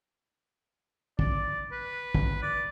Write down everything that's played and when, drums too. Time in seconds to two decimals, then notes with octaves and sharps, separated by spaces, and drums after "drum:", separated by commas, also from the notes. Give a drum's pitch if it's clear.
1.19 D5, drum: kick
1.72 B4
2.15 drum: kick
2.42 D5